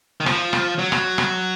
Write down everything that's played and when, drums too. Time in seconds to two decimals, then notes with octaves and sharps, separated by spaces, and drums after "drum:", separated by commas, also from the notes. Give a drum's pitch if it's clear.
0.20 D#3
0.26 F3, drum: rim click
0.53 drum: rim click
0.79 F#3
0.92 drum: rim click
1.18 drum: rim click